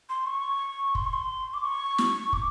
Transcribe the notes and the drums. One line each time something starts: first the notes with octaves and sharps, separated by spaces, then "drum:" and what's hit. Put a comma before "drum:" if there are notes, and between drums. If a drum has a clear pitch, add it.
C6
C#6
C6, drum: kick
C#6
C6
D6
C#6
drum: snare
D6, drum: kick